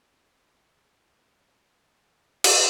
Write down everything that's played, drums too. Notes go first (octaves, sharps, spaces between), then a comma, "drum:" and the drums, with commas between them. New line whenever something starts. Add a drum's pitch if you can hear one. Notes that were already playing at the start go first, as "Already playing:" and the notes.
G#4 A5 D6
drum: cymbal